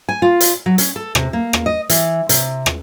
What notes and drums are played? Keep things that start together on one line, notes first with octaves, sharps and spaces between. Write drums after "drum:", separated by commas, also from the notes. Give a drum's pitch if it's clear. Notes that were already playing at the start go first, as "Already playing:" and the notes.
G#5
F4
drum: hi-hat
F#3
C#4, drum: hi-hat
A4
C3, drum: rim click
A#3
drum: rim click
D#5
E3, drum: hi-hat
C3, drum: hi-hat
drum: rim click